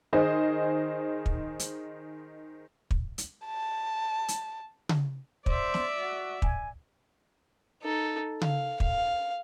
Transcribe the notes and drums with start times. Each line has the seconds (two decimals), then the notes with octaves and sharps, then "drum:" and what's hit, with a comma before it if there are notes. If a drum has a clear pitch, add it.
0.13 D#3 G#4 C5 D#5
1.26 drum: kick
1.59 drum: hi-hat
2.91 drum: kick
3.18 drum: hi-hat
3.46 A5
4.28 drum: hi-hat
4.89 drum: tom C#3
5.46 C5 D5 E5, drum: kick
5.74 drum: snare
5.98 F#4
6.42 G#5, drum: kick
7.82 D#4 A4
8.41 F5, drum: tom C#3
8.80 F5, drum: kick